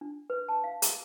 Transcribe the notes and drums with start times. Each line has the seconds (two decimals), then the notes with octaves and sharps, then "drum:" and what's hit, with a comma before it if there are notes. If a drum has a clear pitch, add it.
0.01 D4
0.30 B4
0.49 A5
0.64 F5
0.82 G#4, drum: hi-hat